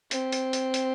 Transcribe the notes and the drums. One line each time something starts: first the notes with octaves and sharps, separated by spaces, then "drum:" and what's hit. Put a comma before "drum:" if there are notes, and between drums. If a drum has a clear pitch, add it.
C4, drum: hi-hat
drum: hi-hat
drum: hi-hat
drum: hi-hat